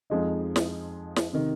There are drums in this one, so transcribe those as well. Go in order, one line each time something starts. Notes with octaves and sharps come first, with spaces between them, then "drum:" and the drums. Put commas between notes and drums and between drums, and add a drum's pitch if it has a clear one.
F2 F3 G#3 D#4
drum: snare
drum: snare
C3 D#3